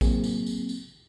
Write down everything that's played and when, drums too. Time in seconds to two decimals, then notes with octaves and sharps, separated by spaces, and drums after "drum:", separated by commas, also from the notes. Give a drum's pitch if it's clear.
0.01 F#3 A#3 C4 G#4, drum: kick A#1, tambourine
0.24 drum: tambourine
0.46 drum: tambourine
0.69 drum: tambourine